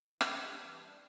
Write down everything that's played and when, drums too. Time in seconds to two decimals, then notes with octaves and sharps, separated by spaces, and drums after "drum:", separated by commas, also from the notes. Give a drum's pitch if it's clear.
0.21 E3, drum: rim click
0.40 G3 D4
0.60 E3
0.81 G3 D4